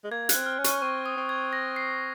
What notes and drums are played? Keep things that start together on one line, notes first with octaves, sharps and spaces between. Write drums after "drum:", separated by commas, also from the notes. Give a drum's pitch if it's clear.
G#3
A#3 G#6
F#6, drum: hi-hat
C4
F6
C#4
C#6, drum: hi-hat
C4 C#6
D#6
C4
G#6
A#6
C7